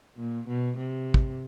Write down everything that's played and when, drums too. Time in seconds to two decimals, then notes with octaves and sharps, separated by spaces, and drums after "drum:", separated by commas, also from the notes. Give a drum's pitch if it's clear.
0.17 A#2
0.48 B2
0.77 C3
1.14 drum: kick